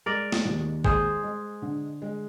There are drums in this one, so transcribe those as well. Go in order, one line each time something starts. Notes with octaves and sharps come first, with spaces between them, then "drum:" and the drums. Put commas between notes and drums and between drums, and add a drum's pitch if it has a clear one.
G#3 A#4 D5
drum: snare
D#2
G#3 G#4 C5, drum: kick G#1
G#3
D3
G#3